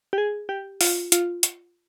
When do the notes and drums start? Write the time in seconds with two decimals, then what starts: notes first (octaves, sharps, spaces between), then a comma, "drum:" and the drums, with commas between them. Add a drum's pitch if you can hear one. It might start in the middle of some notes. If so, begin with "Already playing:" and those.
0.13 G4
0.18 G#4
0.49 G4
0.81 F4, drum: open hi-hat
1.12 F4, drum: hi-hat
1.43 drum: hi-hat